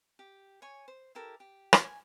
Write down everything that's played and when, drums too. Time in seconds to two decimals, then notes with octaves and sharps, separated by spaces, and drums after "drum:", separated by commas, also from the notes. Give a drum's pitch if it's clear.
0.19 G4
0.62 C#5 G#5 C#6
0.88 C5
1.15 E4 G4 A4 A#4
1.40 G4
1.73 drum: rim click
1.82 G#5